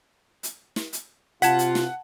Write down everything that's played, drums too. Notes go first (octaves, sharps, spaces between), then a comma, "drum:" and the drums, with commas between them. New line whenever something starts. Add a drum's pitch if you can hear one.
drum: hi-hat
drum: snare
drum: hi-hat
C3 F4 F#5 A5 G#6 B6, drum: hi-hat
drum: hi-hat
drum: snare